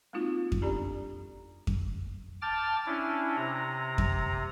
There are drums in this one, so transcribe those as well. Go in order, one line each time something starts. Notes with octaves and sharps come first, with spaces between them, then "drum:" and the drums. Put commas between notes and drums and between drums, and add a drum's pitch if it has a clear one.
G#3 A#3 C4 D#4 F4 F#4
drum: kick F2
B3 D4 G4 A4 D5 A#5
drum: kick F2
G5 A5 D6 F6 A6
C#4 D4 E4
C3 A#5
drum: kick F2